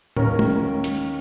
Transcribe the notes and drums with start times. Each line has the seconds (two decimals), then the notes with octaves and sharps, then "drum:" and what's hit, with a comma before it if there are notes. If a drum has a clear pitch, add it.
0.16 D#2 D#3 C#4 A#4, drum: tom
0.39 drum: tom
0.84 drum: hi-hat